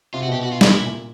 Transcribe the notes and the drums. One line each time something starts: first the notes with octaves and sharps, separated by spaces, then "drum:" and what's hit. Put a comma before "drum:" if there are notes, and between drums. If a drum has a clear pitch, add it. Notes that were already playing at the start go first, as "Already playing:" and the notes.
C3 F4
F#4
B2 G4
F#4
F4
E4, drum: snare
A#2
A#2